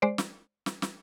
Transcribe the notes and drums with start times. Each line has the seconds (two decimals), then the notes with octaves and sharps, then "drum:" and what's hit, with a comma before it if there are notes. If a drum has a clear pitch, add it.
0.02 G#3 C5 D5
0.18 drum: snare
0.66 drum: snare
0.82 drum: snare